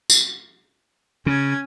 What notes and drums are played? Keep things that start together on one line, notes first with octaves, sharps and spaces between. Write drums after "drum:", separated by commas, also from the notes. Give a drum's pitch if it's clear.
drum: tambourine
C#3 C#4 G#6